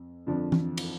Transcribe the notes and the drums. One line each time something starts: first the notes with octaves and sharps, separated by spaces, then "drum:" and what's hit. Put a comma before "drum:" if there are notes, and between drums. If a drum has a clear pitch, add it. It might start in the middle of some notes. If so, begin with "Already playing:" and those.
Already playing: F2
F2 D3 F3 D4
drum: tom E3
drum: cymbal